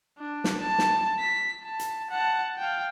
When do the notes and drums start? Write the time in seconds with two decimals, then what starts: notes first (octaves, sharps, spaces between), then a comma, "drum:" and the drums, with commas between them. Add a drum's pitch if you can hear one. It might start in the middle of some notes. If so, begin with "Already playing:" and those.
0.18 D4
0.44 drum: snare
0.60 A5
0.78 drum: snare
1.20 B6
1.64 A5
1.79 drum: hi-hat
2.10 F#5 A5
2.58 F5 G5